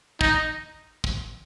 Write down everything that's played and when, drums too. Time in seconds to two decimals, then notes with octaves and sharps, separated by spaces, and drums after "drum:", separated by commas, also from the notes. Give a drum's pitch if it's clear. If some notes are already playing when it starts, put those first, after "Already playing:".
0.21 D#4, drum: kick
1.04 drum: kick